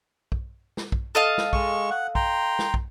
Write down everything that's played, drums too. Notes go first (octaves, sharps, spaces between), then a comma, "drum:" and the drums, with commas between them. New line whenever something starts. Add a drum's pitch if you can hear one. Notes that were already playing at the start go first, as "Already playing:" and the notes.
drum: kick
drum: snare
drum: kick
A4 D#5 F5
drum: snare
G#3 C#6, drum: kick
F#5
G5 A#5 C6, drum: kick
drum: snare
drum: kick